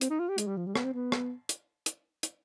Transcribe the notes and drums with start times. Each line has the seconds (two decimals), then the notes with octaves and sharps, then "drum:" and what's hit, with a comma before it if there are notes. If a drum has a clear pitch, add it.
0.01 C4, drum: hi-hat
0.10 D#4
0.20 F4
0.29 G4
0.38 G#3, drum: hi-hat
0.47 G3
0.57 F3
0.67 G3
0.76 B3, drum: rim click
0.84 C4
0.93 B3
1.12 drum: rim click
1.49 drum: hi-hat
1.86 drum: hi-hat
2.23 drum: hi-hat